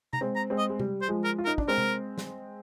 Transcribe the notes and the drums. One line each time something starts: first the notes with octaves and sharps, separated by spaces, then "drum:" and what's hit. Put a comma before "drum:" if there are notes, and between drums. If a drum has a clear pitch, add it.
A#5, drum: tom C3
G#3 C4
A#5
G#3 C4
D#5
G#3
G3, drum: tom C3
C5
F3 G#3
A#4
F4
D#4 A#4
D4, drum: kick
G#3 C4 A#4
drum: tom C3
drum: snare